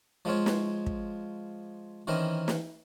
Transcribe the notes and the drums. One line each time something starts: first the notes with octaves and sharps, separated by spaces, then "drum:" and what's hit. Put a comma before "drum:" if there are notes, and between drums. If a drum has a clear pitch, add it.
F3 G#3 C4 F4 C#5
drum: snare
drum: kick
D#3 E3 C4 C#4 A#4 D#5
drum: snare